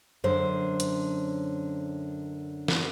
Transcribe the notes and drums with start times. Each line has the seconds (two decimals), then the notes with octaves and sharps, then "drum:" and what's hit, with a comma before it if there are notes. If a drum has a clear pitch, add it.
0.24 F#2 D3 C5
0.80 drum: hi-hat
2.68 drum: snare